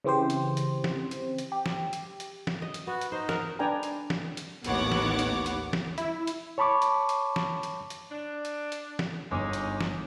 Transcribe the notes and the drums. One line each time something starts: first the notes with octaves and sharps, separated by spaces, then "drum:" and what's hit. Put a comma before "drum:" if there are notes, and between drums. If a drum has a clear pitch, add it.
C#3 E3 C4 G4 C5
drum: hi-hat
drum: hi-hat
drum: snare
drum: hi-hat
drum: hi-hat
G4
drum: snare
drum: hi-hat
drum: hi-hat
drum: snare
D#5
drum: hi-hat
B3 F#4
drum: hi-hat
D#4 C5
A#4 F#5, drum: snare
D4 B4 D5 G5 G#5 A#5
drum: hi-hat
drum: snare
drum: hi-hat
A1 D#2 B3 C#5 F#5 D6, drum: hi-hat
drum: snare
drum: hi-hat
drum: hi-hat
drum: snare
E4, drum: hi-hat
drum: hi-hat
C#5 A5 B5 C#6 D6
drum: hi-hat
drum: hi-hat
drum: snare
drum: hi-hat
drum: hi-hat
D4
drum: hi-hat
drum: hi-hat
drum: snare
G1 G#3 C#4 D#4 D6
drum: hi-hat
drum: snare